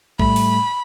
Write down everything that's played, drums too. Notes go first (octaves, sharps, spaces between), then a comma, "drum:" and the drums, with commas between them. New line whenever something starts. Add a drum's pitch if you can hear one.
A2 G3 A3 B5, drum: kick
drum: open hi-hat